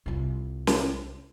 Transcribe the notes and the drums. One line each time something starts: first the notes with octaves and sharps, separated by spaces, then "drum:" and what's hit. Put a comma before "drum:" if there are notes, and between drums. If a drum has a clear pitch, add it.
C2 F4
drum: snare